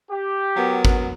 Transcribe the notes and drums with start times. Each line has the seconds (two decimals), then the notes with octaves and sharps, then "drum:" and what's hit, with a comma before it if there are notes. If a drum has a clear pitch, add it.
0.10 G4
0.56 F#3 B3 A#4
0.85 drum: kick G#1